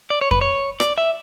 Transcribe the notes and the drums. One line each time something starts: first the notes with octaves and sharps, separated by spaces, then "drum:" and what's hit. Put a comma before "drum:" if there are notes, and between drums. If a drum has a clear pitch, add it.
D5
C#5
B4, drum: kick F2
C#5
D5, drum: rim click
E5